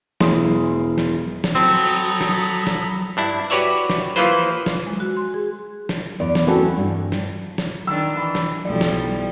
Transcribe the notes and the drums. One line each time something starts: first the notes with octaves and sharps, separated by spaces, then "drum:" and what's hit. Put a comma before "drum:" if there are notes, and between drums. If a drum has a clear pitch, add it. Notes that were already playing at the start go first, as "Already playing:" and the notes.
E1 E3 C6 D#6, drum: snare
drum: snare
drum: snare
F#3 C4 A4 A#5 B5 D#6
drum: snare
drum: snare
G2 D4 E4
F#4 G4 B4 C#5 D5 E5
drum: snare
E3 F3 A#3 F4 B4 C5
drum: snare
G#3
F#4
C6
G#4
drum: snare
E2 D5
drum: snare
E3 A3 C4 C#4 F#4 A4
G2
drum: snare
drum: snare
D#3 D4 E6
E3 B5
drum: snare
B1 F3 G3 E4 D5
drum: snare